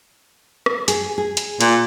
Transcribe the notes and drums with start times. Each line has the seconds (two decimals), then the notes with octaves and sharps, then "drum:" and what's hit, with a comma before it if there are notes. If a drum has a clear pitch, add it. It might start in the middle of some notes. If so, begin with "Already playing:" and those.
0.66 drum: rim click
0.88 G#4, drum: hi-hat
1.18 G#4
1.37 drum: hi-hat
1.61 A#2, drum: hi-hat